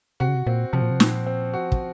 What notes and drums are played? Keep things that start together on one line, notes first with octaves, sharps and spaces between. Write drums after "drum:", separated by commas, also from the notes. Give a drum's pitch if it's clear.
C3 F#4
C#3
C3
A#2 C4
C3 F3
A#2
C3
A#2 C4, drum: snare
C4
F#4
drum: kick